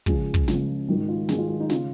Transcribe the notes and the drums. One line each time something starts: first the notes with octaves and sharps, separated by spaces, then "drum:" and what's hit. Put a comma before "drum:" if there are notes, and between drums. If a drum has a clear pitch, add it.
C#2 C#3 F3 G#4, drum: kick
drum: kick
C#2 C#3 F3, drum: snare
G#1 G#2 D#3 F4
F4
G#1 G#2 D#3 G#4, drum: snare
F4
F4
D#4
C#3 F4, drum: snare